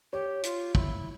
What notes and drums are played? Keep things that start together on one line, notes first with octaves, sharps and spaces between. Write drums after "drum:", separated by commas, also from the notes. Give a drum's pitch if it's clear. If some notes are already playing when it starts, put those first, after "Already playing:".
G4 C#5
F4, drum: hi-hat
E4, drum: kick